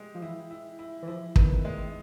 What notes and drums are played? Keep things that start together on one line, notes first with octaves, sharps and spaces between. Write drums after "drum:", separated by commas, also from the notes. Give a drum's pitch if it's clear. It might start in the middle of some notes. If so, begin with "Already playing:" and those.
Already playing: G#3 G4
F3
E3 E4
E4
E4
E3
F3 E4
D#3 B3, drum: kick
G#3